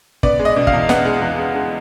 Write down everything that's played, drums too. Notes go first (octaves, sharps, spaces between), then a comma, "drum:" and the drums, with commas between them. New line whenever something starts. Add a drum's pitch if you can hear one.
B3 D5, drum: kick
G#3
D#5
B2
F5, drum: kick
E2
B3 F#5, drum: snare
G#3
E2
G#3
G#3